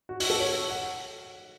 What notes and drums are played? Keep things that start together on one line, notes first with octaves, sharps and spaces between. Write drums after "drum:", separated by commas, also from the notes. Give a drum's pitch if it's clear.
F#4
F#4, drum: open hi-hat
A4
C#5
F#5